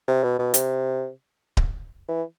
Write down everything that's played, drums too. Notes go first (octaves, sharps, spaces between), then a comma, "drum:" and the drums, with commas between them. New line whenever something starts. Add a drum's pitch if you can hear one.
C3
B2
B2
C3, drum: hi-hat
drum: kick D1
E3